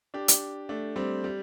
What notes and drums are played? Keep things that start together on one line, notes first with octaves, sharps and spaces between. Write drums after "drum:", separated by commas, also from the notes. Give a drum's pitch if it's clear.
D4 G4
drum: hi-hat
A3 D4
G3 C4
G3